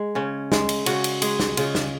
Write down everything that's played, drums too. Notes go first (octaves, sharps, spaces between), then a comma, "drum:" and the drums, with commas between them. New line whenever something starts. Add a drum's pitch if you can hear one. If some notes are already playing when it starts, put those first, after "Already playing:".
Already playing: G#3
C#3 C#4
G#3, drum: snare
drum: cymbal
C#3 F#4, drum: cymbal
drum: cymbal
G#3 G#4, drum: cymbal
drum: snare
C#3 F4, drum: cymbal
drum: snare